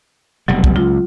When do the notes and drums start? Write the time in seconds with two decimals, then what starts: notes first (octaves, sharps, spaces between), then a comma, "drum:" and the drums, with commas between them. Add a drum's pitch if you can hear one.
0.48 F1 B2 F#3 G3
0.64 drum: kick
0.76 C#2 F4